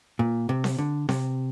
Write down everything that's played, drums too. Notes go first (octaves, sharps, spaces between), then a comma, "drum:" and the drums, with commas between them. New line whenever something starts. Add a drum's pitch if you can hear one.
A#2
C3
drum: snare C4
D3
C3, drum: snare C4